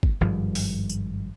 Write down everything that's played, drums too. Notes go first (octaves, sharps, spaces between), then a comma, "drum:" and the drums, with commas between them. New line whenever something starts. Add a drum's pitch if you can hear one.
drum: kick G1
G#1 G2 F3 G3
drum: open hi-hat
drum: tambourine